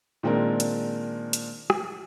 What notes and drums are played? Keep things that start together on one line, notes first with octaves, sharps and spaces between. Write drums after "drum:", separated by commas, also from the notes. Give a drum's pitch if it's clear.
A#2 D#3 G#3 C4 D4 A#4
drum: hi-hat
drum: hi-hat
drum: rim click